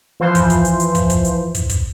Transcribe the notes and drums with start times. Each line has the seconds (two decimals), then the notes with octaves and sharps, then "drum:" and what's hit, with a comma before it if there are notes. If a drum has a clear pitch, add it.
0.20 E3 F3 C5
0.35 drum: kick, hi-hat
0.50 drum: kick, hi-hat
0.65 drum: hi-hat
0.80 drum: hi-hat
0.95 drum: kick, hi-hat
1.10 drum: kick, hi-hat
1.25 drum: hi-hat
1.55 drum: kick, hi-hat
1.70 drum: kick, hi-hat